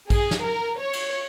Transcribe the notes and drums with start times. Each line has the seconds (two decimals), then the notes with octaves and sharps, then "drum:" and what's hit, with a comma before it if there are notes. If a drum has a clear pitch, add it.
0.10 G#4, drum: kick A1, cymbal
0.31 drum: snare
0.44 A#4
0.80 C#5
0.93 drum: cymbal